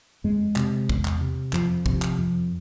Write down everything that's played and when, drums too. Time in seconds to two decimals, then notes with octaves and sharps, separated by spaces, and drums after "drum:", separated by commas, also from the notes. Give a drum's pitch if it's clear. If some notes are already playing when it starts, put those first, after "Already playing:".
0.24 F2 G#3
0.56 C3, drum: clap
0.89 E2, drum: kick
1.05 drum: clap
1.21 C3
1.53 F2 F3, drum: clap
1.86 C3, drum: kick
2.02 drum: clap
2.19 F2